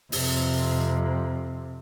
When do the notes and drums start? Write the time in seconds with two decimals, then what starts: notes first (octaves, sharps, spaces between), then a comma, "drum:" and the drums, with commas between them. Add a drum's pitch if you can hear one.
0.12 F2 C3, drum: open hi-hat